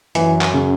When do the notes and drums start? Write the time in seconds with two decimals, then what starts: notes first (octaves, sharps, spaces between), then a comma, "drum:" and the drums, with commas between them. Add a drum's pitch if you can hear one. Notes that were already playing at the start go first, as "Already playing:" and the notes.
0.15 F#2 E3, drum: hi-hat
0.41 drum: clap
0.54 C#3